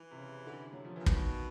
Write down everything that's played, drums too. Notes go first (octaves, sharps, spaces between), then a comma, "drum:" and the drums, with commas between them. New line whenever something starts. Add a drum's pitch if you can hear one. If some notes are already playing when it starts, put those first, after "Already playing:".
Already playing: E3
C3
C#3
D3
F#3
F3
A#2 E3
B2 D#3, drum: kick